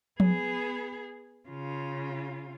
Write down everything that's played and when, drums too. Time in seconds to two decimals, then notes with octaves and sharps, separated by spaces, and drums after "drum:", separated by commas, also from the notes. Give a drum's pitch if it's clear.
0.20 B3 G#4, drum: tom F3
1.49 C#3 F4